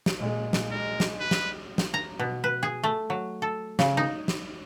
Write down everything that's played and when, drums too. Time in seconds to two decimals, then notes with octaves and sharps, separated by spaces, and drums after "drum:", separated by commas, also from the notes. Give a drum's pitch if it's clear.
0.06 drum: snare
0.18 A#2 G#3
0.53 drum: snare
0.71 G#3 A#4
1.00 drum: snare
1.20 B4
1.31 drum: snare
1.78 drum: snare
1.94 A#5
2.19 B2
2.44 B4
2.63 G#4
2.83 A3
3.10 F#3
3.42 A4
3.79 C#3, drum: snare
3.97 D#4
4.28 drum: snare